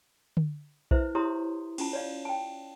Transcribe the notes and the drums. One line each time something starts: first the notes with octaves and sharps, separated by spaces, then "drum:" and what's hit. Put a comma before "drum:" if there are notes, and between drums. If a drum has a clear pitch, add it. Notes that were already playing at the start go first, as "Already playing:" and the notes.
drum: tom D3
E4 B4 C5 E5, drum: kick B1
E4 G4 C#5 A#5 C6 D#6
C#4 F4 A5, drum: cymbal
C#5 D5 F5
G5 A5